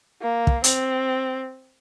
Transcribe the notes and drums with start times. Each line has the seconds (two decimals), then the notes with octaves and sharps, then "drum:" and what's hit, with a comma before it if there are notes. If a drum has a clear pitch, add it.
0.22 A#3
0.47 drum: kick
0.64 C4, drum: hi-hat